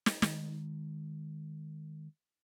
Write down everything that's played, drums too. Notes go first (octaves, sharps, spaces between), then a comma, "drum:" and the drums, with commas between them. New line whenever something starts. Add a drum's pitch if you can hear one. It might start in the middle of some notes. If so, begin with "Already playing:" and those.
drum: snare
D#3 G#3, drum: snare